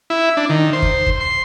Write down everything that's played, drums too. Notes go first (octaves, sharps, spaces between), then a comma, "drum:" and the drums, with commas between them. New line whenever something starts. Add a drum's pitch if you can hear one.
E4
D4
D#3
C5
drum: kick
drum: kick
C6